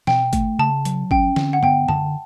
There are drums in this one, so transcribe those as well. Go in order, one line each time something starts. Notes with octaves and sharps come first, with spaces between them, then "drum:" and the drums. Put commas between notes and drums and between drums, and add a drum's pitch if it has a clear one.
B2 G5, drum: snare
A3, drum: kick G1, hi-hat
C#3 A5
F#3, drum: hi-hat
C#4 G5, drum: kick G1
D3, drum: snare
F#5
B3 G5, drum: tom G2
D3 A5, drum: tom